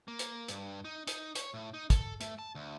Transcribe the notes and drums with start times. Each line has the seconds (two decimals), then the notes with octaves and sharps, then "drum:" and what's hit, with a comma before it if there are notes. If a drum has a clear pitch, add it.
0.08 A#3
0.19 drum: hi-hat
0.48 G2, drum: hi-hat
0.85 D#4
1.07 D#4, drum: hi-hat
1.35 C#5, drum: hi-hat
1.54 A2
1.74 D#4
1.90 A4, drum: kick, hi-hat
2.21 A3, drum: hi-hat
2.39 A5
2.55 D2